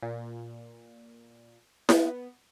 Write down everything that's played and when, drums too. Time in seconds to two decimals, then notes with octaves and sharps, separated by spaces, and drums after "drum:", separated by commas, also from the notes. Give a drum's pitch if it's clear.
0.03 A#2
1.89 B3, drum: snare E4